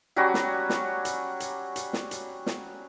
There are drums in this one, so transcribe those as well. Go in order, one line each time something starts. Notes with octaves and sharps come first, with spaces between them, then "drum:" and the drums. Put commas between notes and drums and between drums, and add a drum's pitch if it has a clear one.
F#3 G3 C#4 F#4
drum: snare
drum: snare
drum: hi-hat
drum: hi-hat
drum: hi-hat
drum: snare
drum: hi-hat
drum: snare